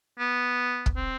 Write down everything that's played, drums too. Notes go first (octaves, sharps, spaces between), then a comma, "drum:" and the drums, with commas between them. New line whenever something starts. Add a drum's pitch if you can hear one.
B3
drum: kick
C4